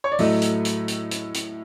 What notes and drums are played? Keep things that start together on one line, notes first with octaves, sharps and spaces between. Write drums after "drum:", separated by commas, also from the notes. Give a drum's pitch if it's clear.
C#5
D5
A2 F#3 A3 D#5, drum: open hi-hat
drum: hi-hat
drum: hi-hat
drum: hi-hat
drum: hi-hat
drum: hi-hat